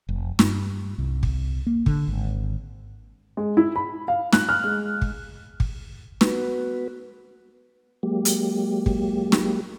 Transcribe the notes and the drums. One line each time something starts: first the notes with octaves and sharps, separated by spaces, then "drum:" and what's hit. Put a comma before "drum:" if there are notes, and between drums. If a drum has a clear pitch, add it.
F1
G2, drum: snare
C2
drum: kick
A#3
D3, drum: kick
G#1
G#3
E4
B5
F5
F#6, drum: snare
F6
G#3
drum: kick
drum: kick
B3 F#4 B4, drum: snare
F#3 G#3 A#3 G4
drum: hi-hat
drum: kick
drum: snare